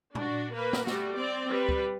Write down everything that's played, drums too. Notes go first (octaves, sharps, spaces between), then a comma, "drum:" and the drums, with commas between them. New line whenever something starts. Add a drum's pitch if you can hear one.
D4 F#4, drum: tom A#2
A#3 B4
drum: snare
G3 A3 F#4, drum: snare
C4 D5
G3 B4
drum: kick